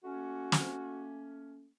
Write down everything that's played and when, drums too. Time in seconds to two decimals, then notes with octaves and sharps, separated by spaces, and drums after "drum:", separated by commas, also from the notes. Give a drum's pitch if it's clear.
0.04 A3 A#3 C#4 F#4
0.52 drum: snare